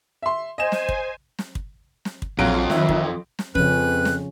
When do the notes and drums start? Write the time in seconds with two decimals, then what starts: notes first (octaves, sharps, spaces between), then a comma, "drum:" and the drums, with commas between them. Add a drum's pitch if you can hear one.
0.22 E5 C6
0.58 C5 D#5 G#5 E7
0.72 drum: snare
0.89 drum: kick
1.39 drum: snare
1.55 drum: kick
2.05 drum: snare
2.22 drum: kick
2.39 A#1 F2 F#3 F5 D7
2.70 D#3 E5, drum: snare
2.89 drum: kick
3.39 drum: snare
3.55 F2 C#3 F3 C#4 B4 F#6, drum: kick
4.05 drum: snare